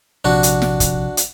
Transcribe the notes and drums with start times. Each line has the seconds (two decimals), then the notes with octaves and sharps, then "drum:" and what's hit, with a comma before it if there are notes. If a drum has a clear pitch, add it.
0.25 A#1 C3 F3 D4 F#4
0.43 drum: hi-hat
0.62 drum: snare
0.80 drum: kick, hi-hat
1.17 drum: hi-hat